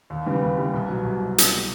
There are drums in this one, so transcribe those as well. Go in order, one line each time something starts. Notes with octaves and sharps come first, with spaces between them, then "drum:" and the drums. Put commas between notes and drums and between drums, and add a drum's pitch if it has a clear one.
D#2
C#3 E3 G3
D#2
C#3 E3 G3
C2
B2 F#3
C2
drum: hi-hat